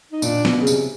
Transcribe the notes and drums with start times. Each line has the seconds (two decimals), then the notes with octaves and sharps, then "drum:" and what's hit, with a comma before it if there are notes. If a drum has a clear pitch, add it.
0.12 D#4
0.22 A#2 D4, drum: tambourine
0.45 B2, drum: snare
0.61 C#3
0.67 C3, drum: tambourine